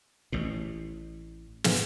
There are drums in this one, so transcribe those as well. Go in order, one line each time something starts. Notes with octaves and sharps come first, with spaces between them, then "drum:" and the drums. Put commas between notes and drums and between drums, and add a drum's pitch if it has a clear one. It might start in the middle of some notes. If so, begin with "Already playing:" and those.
A1 A2
drum: snare